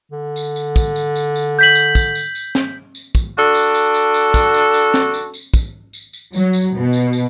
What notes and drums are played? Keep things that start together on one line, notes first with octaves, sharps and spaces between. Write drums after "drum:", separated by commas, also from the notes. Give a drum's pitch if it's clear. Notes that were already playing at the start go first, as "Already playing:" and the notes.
D3
drum: tambourine
drum: tambourine
drum: kick, tambourine
drum: tambourine
drum: tambourine
drum: tambourine
G6 B6 F#7
drum: tambourine
drum: kick, tambourine
drum: tambourine
drum: tambourine
drum: snare
drum: tambourine
drum: kick, tambourine
D4 F#4 A4
drum: tambourine
drum: tambourine
drum: tambourine
drum: tambourine
drum: kick, tambourine
drum: tambourine
drum: tambourine
drum: snare
drum: tambourine
drum: tambourine
drum: kick, tambourine
drum: tambourine
drum: tambourine
F#3, drum: tambourine
drum: tambourine
B2
drum: tambourine
drum: tambourine